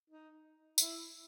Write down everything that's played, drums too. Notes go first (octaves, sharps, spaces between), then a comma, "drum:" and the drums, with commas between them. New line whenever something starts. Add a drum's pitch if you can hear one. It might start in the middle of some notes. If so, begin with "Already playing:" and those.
D#4
E4, drum: tambourine